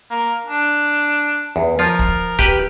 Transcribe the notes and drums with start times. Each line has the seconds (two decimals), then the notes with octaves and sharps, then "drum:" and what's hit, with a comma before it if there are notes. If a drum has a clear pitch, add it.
0.10 A#3
0.46 D4
1.56 E2
1.79 F3 F4 A#4
1.99 drum: kick
2.39 G4 B4, drum: kick